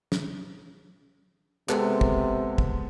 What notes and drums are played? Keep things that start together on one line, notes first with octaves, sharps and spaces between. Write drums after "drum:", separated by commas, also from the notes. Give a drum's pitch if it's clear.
drum: snare
C3 G#3 B3 A4, drum: clap
drum: kick
drum: kick